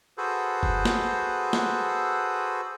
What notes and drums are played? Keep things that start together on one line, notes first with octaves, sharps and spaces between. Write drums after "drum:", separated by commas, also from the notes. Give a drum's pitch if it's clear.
F#4 G#4 A4 B4 C5
drum: kick F1
drum: snare
drum: snare